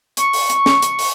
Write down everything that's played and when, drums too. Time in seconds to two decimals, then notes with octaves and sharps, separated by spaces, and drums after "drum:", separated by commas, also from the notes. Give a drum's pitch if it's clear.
0.17 C#6, drum: hi-hat
0.33 drum: open hi-hat
0.50 drum: hi-hat
0.66 drum: snare
0.82 drum: hi-hat
0.99 drum: open hi-hat